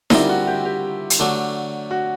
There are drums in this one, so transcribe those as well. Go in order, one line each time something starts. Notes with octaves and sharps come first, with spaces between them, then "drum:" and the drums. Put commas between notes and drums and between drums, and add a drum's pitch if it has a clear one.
D3 G3 C4 E4 F4 A#4, drum: snare D#4
F#4
G4
G4
drum: hi-hat
D3 F#3 A3 D4
F#4